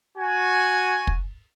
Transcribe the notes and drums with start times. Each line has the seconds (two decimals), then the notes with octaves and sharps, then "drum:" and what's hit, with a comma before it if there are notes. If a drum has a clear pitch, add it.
0.18 F#4 G#5
1.07 drum: kick